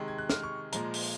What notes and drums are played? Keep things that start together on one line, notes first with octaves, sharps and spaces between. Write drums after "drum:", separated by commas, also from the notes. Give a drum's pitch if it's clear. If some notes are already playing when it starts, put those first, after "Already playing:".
Already playing: C3 D#3 G#3
G#6
F#6
F6, drum: snare
C#6
A#2 F3 G#3 A#5, drum: hi-hat
drum: open hi-hat